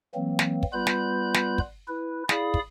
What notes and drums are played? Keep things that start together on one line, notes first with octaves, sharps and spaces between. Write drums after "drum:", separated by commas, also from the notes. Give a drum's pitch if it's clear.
E3 F#3 A#3 C4
drum: snare
drum: kick
G3 B3 F4 B4 B5 G6
drum: snare
drum: snare
drum: kick
E4 B4
E4 G#4 D5 F5 B5 D#6, drum: snare
drum: kick